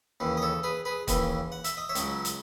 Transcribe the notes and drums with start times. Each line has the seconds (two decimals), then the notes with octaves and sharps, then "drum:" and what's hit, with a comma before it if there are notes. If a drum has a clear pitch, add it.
0.20 D#2 C#3 E3
0.37 D#5
0.42 A4 C#5
0.63 G#4 B4
0.85 G#4 B4
1.08 D#2 C#3 E3, drum: kick, hi-hat
1.52 F#5
1.64 E5, drum: hi-hat
1.77 D#5
1.89 C#5 E5
1.95 C#2 C#3 F#3, drum: hi-hat
2.25 drum: hi-hat